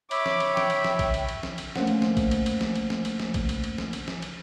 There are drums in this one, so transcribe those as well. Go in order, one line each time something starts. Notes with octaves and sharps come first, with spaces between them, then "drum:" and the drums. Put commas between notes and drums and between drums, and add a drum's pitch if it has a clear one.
C#5 E5 B5 D6, drum: cymbal
drum: snare
drum: cymbal
G5, drum: snare
drum: cymbal
drum: snare
drum: kick A#1, cymbal
drum: cymbal
drum: cymbal
drum: snare
drum: cymbal
A3 A#3 C#4 C5 F#5, drum: snare
drum: cymbal
drum: snare
drum: kick A#1, cymbal
drum: cymbal
drum: cymbal
drum: snare
drum: cymbal
drum: snare
drum: cymbal
drum: snare
drum: kick A#1, cymbal
drum: cymbal
drum: cymbal
drum: snare
drum: cymbal
drum: snare
drum: cymbal